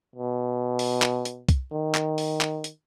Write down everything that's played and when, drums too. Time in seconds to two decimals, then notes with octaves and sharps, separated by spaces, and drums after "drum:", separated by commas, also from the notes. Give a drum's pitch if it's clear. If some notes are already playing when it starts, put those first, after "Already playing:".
0.15 B2
0.79 drum: open hi-hat
1.02 drum: clap
1.25 drum: hi-hat
1.49 drum: kick, hi-hat
1.72 D#3
1.95 drum: clap
2.18 drum: open hi-hat
2.41 drum: clap
2.64 drum: hi-hat